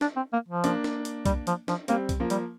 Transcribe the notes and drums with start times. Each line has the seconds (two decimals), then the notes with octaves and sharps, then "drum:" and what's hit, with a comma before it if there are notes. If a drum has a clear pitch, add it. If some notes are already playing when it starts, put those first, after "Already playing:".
0.01 D4, drum: snare
0.16 C4
0.33 A#3
0.48 F3
0.64 A#3 D4, drum: hi-hat
0.84 drum: snare
1.05 drum: hi-hat
1.25 G3, drum: kick, hi-hat
1.47 F3, drum: hi-hat
1.68 F3, drum: snare
1.88 G3 A#3 C4, drum: hi-hat
2.09 drum: kick, hi-hat
2.20 F3 A#3
2.30 G3, drum: hi-hat